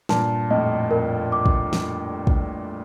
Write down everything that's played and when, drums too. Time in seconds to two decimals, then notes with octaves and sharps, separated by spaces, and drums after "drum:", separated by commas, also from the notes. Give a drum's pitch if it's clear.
0.09 G2 A#2 A5, drum: snare
0.51 F2 A2 D#5
0.91 F2 A#4
1.32 D6
1.46 drum: kick
1.73 drum: snare
2.27 drum: kick